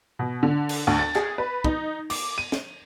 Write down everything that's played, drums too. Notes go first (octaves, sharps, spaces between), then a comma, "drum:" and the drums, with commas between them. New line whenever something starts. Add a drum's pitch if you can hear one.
B2
D3
drum: cymbal
D2
A6
G#4, drum: clap
B4
D#4, drum: kick
D6, drum: cymbal
D#7
drum: snare